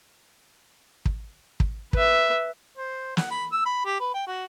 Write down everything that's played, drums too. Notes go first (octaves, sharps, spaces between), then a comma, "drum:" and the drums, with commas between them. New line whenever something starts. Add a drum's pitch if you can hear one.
drum: kick
drum: kick
B4 E5, drum: kick
C5
F#5, drum: snare
B5
E6
B5
G4
B4
G5
F#4